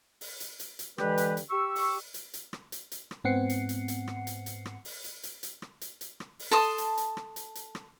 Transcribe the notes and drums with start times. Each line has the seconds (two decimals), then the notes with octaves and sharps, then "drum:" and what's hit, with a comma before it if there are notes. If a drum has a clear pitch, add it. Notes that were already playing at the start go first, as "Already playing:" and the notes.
0.21 drum: open hi-hat
0.40 drum: hi-hat
0.60 drum: hi-hat
0.79 drum: hi-hat
0.98 D3 E3 G#3 G4 B4, drum: rim click
1.18 drum: hi-hat
1.37 drum: hi-hat
1.50 G4 C#6 E6
1.76 drum: open hi-hat
2.14 drum: hi-hat
2.34 drum: hi-hat
2.53 drum: rim click
2.72 drum: hi-hat
2.92 drum: hi-hat
3.11 drum: rim click
3.24 G#2 B3 C4 F#5 C7 C#7
3.49 drum: hi-hat
3.69 drum: hi-hat
3.88 drum: hi-hat
4.07 drum: rim click
4.27 drum: hi-hat
4.46 drum: hi-hat
4.65 drum: rim click
4.85 drum: open hi-hat
5.04 drum: hi-hat
5.23 drum: hi-hat
5.43 drum: hi-hat
5.62 drum: rim click
5.81 drum: hi-hat
6.01 drum: hi-hat
6.20 drum: rim click
6.39 drum: open hi-hat
6.51 A4 A5 C6 D#6
6.78 drum: hi-hat
6.97 drum: hi-hat
7.17 drum: rim click
7.36 drum: hi-hat
7.55 drum: hi-hat
7.75 drum: rim click